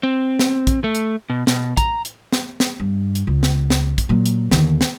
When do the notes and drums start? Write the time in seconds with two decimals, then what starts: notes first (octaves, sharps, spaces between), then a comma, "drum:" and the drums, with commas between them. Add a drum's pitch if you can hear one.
0.03 C4
0.39 drum: snare
0.67 drum: kick, hi-hat
0.84 A3
0.95 drum: hi-hat
1.30 B2
1.47 B2, drum: snare
1.77 A#5, drum: kick, hi-hat
2.05 drum: hi-hat
2.33 drum: snare
2.60 drum: snare
2.79 G2
3.15 drum: hi-hat
3.27 C#2
3.43 drum: snare
3.70 drum: snare
3.98 drum: kick, hi-hat
4.09 A#2 F#3
4.26 drum: hi-hat
4.51 D#2 D3, drum: snare
4.81 drum: snare